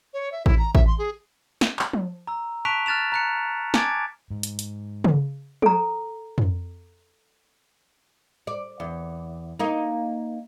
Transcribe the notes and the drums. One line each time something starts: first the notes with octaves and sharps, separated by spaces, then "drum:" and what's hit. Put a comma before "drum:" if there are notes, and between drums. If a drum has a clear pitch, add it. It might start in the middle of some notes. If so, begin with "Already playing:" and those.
C#5
E5
E4, drum: kick A1
A#5
E5, drum: kick A1
C6
G#4
drum: snare
drum: clap
drum: tom F3
A#5 E6
A5 C#6 F#6 B6 D7 F7
F6 F#6 A6 E7 F7
A#5 F#6 C#7
G#5 A5 D6 G#6 A6 D7, drum: snare
G#2
drum: hi-hat
drum: hi-hat
drum: tom C#3
A4 A#5, drum: tom F3
drum: tom
D5
E2
A#3 D#4